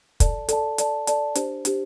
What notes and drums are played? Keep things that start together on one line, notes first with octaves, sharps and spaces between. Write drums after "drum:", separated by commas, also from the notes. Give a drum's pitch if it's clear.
A4 D5 A5, drum: kick, hi-hat
A4 D5 A5, drum: hi-hat
A4 D5 A5, drum: hi-hat
A4 D5 A5, drum: hi-hat
D4 G4 C5, drum: hi-hat
D4 G4 C5, drum: hi-hat